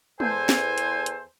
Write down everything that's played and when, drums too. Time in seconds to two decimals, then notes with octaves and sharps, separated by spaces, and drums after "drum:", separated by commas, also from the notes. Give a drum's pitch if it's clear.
0.20 E2 A4 C5 G#5, drum: tom G#3
0.49 drum: snare
0.78 drum: hi-hat
1.06 drum: hi-hat